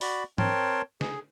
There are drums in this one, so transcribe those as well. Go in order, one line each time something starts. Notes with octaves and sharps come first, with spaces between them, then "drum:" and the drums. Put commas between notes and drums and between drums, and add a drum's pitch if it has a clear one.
F#4 D5 B5, drum: open hi-hat
C4 A#4 C#5 G5 A5 C6, drum: tom G#2
G#4, drum: snare